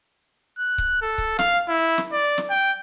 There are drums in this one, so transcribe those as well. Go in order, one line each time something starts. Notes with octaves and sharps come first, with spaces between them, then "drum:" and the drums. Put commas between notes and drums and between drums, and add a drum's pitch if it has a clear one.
F#6
drum: kick C#1
A4
drum: kick C#1
F5, drum: snare
E4
drum: snare
D5
drum: snare
G5